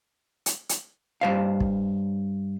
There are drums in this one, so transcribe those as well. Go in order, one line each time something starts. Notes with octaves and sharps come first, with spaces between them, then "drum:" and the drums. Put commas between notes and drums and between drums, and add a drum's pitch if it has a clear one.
drum: hi-hat
drum: hi-hat
G2 C5 F5
drum: kick